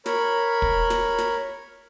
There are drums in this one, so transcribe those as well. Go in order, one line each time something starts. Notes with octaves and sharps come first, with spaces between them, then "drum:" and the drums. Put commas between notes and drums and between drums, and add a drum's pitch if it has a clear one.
A#4 C#5 B5, drum: snare
drum: kick
drum: snare
drum: snare